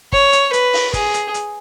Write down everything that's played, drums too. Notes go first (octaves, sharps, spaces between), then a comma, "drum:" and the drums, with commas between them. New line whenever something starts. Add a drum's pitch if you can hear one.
C#5, drum: kick
drum: hi-hat
B4, drum: hi-hat
drum: open hi-hat
G#4, drum: kick, hi-hat
drum: hi-hat
drum: hi-hat